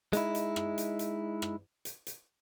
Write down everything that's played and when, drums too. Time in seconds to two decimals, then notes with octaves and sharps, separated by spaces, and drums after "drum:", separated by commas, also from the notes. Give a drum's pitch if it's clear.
0.13 G#3 D#4 E4, drum: hi-hat
0.35 drum: hi-hat
0.56 drum: rim click
0.78 drum: hi-hat
0.99 drum: hi-hat
1.42 drum: rim click
1.85 drum: hi-hat
2.07 drum: hi-hat